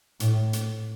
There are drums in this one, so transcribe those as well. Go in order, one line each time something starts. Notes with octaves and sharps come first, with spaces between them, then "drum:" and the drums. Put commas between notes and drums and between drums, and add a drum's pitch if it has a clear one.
A2, drum: hi-hat
drum: hi-hat